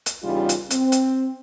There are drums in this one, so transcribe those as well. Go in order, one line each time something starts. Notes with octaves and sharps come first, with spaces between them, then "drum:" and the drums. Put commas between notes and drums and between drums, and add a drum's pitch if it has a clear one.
drum: hi-hat
E2 C#3 G3 D#4 F4
drum: hi-hat
C4, drum: hi-hat
drum: hi-hat